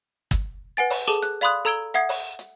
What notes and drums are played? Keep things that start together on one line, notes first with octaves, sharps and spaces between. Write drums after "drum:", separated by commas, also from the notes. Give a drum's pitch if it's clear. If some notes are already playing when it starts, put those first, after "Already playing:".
drum: kick, hi-hat
B4 F#5 G#5 A6
drum: open hi-hat
G#4 A4 A5 D6 G7
F#6, drum: hi-hat
D5 F5 B5 C6 D#6 F#6
A4 A#5 E6 G#6 D7 G7
E5 F#5 D#6 G#6 C7
drum: open hi-hat
drum: hi-hat